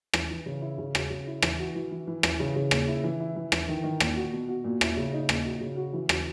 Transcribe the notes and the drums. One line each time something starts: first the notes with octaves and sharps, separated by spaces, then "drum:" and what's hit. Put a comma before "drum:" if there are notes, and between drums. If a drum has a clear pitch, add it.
E3, drum: rim click
E3
C#3
E4
C#3
F#4, drum: rim click
C#3
E4
E3, drum: rim click
F#4
E3
E3
E3
E3, drum: rim click
C#3
C#3
A#2, drum: rim click
E4
E3
E4
E3
E3, drum: rim click
D#3
D#3
A#2, drum: rim click
F#4
B2
F#4
A#2
E4, drum: rim click
C#3
D#4
A#2, drum: rim click
F#4
C#3
F#4
E3
F#4, drum: rim click